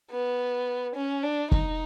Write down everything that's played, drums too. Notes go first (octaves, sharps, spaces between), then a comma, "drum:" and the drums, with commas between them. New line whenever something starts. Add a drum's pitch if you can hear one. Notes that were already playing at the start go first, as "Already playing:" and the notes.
B3
C#4
D4
D#4, drum: kick